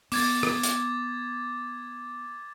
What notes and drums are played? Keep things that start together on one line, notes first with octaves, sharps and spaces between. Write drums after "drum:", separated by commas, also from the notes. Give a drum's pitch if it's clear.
B3 D6 G#6 A6, drum: open hi-hat
drum: rim click
drum: hi-hat